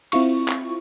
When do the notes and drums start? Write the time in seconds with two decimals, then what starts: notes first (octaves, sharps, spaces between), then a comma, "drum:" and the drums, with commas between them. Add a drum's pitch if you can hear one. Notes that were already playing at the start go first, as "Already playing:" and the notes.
0.12 C4 E4 F4 C#6, drum: cymbal
0.48 drum: clap